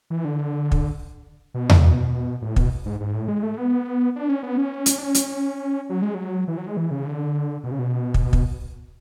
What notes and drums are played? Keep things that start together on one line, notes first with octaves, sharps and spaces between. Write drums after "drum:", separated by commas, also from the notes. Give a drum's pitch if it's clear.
E3
D3
drum: kick
B2
C#3, drum: tom E2
B2
A2
B2, drum: kick
G#2
G#2
A2
G#3
A3
B3
D4
C#4
B3
C#4
drum: hi-hat
D4
C#4
drum: hi-hat
F#3
G#3
F#3
E3
F#3
G#3
E3
C#3
D3
B2
C#3
B2
drum: kick
drum: kick